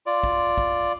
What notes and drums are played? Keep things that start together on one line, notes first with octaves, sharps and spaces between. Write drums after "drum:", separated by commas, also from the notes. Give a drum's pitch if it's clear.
F4 D5
drum: kick
drum: kick